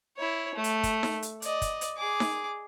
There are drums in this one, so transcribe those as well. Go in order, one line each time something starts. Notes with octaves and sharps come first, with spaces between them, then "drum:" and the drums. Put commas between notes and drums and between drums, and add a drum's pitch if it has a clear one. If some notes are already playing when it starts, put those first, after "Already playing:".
E4 C#5
A3
drum: hi-hat
drum: kick, hi-hat
drum: snare D#4
drum: hi-hat
D5 D#5, drum: hi-hat
drum: kick, hi-hat
drum: hi-hat
G#4 D6
drum: snare D#4